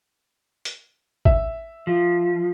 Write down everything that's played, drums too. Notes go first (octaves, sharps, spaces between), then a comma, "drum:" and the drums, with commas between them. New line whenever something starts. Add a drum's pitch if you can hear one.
drum: hi-hat
E5, drum: kick G#1
F3